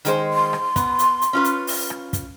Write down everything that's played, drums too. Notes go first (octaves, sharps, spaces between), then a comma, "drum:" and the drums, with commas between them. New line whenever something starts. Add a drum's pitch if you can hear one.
D#3 G#3 C5, drum: hi-hat
C6
drum: rim click
B3, drum: kick, hi-hat
drum: hi-hat
drum: hi-hat
C#4 F4 B4
drum: hi-hat
drum: open hi-hat
drum: rim click
drum: kick, hi-hat